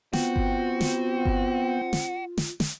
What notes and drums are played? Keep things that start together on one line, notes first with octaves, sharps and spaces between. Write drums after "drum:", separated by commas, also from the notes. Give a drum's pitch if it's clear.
B3 C4 F4 F#4 G5, drum: snare
drum: kick G1
drum: snare
drum: kick G1
drum: snare
drum: snare
drum: snare